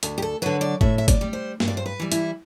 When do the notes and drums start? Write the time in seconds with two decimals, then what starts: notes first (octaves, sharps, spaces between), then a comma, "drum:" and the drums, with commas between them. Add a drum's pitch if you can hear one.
0.03 D2, drum: hi-hat
0.18 G4
0.22 A4
0.42 D3 F#3 B4
0.61 D5
0.81 A2 E5, drum: kick G1
0.98 E5
1.08 D5, drum: kick G1, hi-hat
1.21 G3
1.33 C5
1.60 G2, drum: snare A#3
1.68 D5
1.77 C5
1.86 B4
2.00 E3 G3
2.12 E4, drum: hi-hat